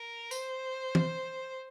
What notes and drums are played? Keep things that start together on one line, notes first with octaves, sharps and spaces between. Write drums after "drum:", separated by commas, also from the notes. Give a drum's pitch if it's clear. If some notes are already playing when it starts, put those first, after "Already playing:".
Already playing: A#4
C5, drum: tambourine
drum: tom